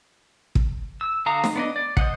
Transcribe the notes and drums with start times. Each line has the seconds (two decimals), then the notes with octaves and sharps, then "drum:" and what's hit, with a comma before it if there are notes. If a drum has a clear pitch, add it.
0.55 drum: kick
1.01 E6
1.26 D3 F#4 F5 A#5 D#6
1.44 drum: snare
1.56 B3 D4 D#5
1.76 D5
1.97 C5 D#5 F#5, drum: kick